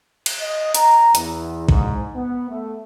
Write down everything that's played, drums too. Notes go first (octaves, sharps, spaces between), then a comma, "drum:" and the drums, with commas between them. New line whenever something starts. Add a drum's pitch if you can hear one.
drum: cymbal
D#5
A#5, drum: hi-hat
E2, drum: hi-hat
G#2, drum: kick
B3
A3